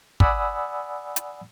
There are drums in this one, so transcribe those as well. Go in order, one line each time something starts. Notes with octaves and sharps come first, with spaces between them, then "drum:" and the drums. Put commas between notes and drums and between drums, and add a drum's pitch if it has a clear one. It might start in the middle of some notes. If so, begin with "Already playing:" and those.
D5 F#5 G#5 B5 D#6 E6, drum: kick
drum: hi-hat